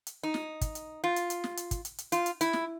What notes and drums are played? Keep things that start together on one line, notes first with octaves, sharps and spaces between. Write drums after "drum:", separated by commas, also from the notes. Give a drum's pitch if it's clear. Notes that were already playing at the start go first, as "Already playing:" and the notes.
drum: hi-hat
D#4
drum: snare
drum: kick, hi-hat
drum: hi-hat
F4
drum: hi-hat
drum: hi-hat
drum: snare
drum: hi-hat
drum: kick, hi-hat
drum: hi-hat
drum: hi-hat
F4, drum: hi-hat
drum: hi-hat
E4, drum: hi-hat
drum: snare